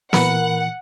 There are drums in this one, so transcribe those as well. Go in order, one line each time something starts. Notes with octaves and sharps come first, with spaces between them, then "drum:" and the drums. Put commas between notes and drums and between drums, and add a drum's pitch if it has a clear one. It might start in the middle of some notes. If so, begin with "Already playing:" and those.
A#2 E3 A#4 B4 F#5, drum: snare